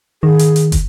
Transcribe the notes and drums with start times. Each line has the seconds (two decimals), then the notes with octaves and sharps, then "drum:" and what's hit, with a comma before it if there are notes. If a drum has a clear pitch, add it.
0.23 D#3 G#4
0.39 drum: hi-hat
0.56 drum: hi-hat
0.72 drum: kick, hi-hat